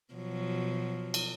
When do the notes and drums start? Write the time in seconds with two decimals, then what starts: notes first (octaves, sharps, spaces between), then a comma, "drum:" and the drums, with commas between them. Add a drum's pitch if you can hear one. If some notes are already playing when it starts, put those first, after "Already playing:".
0.14 B2 F3 F#3
1.14 drum: cymbal